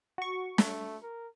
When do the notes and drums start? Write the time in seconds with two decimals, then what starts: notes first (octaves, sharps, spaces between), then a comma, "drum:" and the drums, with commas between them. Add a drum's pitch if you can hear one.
0.18 F#4 C#6
0.58 A3, drum: snare
1.03 A#4